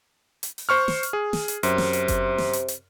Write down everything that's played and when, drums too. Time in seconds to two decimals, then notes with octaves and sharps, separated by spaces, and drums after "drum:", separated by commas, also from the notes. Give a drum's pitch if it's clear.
0.43 drum: hi-hat
0.58 drum: open hi-hat
0.69 C5 C#6 F6
0.88 drum: snare
1.03 drum: hi-hat
1.13 G#4
1.33 drum: snare
1.48 drum: hi-hat
1.63 F#2 C3, drum: hi-hat
1.78 drum: snare
1.93 drum: hi-hat
2.08 drum: kick F#1, hi-hat
2.38 drum: snare
2.53 drum: hi-hat
2.68 drum: hi-hat